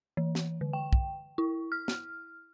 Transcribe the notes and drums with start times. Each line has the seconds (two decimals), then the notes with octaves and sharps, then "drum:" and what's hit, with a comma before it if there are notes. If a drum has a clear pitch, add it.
0.17 E3
0.35 drum: snare
0.61 D3
0.73 G5
0.93 drum: kick
1.38 E4
1.72 F6
1.88 drum: snare